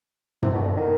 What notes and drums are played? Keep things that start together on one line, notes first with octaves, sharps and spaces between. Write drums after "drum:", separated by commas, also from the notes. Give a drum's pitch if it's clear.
C3, drum: tom
B2
D#3
D3
D#3